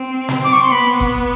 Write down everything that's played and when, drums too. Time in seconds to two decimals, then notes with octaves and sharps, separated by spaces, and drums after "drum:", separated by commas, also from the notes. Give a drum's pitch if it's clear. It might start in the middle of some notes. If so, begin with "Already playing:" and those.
Already playing: C4
0.29 drum: snare
0.44 D6
0.53 C#6
0.62 C6
0.72 B3 B5
1.00 drum: kick G1